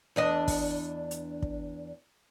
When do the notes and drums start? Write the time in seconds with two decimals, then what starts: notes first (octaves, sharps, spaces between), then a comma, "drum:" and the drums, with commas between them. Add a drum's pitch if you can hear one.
0.16 E2 D4 D#5
0.48 drum: kick, open hi-hat
1.11 drum: hi-hat
1.42 drum: kick